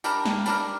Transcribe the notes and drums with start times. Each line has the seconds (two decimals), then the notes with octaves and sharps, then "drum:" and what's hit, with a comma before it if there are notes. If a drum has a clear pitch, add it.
0.04 G3 D4 G4 A#4, drum: tambourine
0.25 drum: snare
0.46 G3 D4 G4 A#4, drum: tambourine